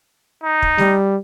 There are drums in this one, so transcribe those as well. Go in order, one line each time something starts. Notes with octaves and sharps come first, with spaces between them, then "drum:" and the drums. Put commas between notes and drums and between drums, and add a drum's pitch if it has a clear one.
D#4
drum: kick
G3, drum: snare A3